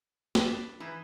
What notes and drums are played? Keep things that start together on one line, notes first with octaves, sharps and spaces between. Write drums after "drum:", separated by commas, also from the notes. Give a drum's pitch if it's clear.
D4 B4 F#5 A5, drum: snare
E3 D#4 E4